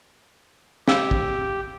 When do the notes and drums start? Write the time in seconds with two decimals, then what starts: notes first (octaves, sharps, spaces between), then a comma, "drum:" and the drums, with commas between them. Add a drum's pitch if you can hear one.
0.88 G4 F5 E6, drum: snare
1.11 drum: kick